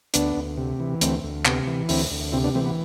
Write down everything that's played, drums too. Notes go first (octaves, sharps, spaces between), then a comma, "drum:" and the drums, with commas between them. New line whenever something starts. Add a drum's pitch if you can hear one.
D2 B3 D4, drum: hi-hat
D2
C3
E3
D2 A3 C4, drum: hi-hat
D2
C3 B3, drum: clap
E3
D2 C4 E4, drum: open hi-hat
D2
C3 C4 E4
B3 D4
E3 A3 C4
B3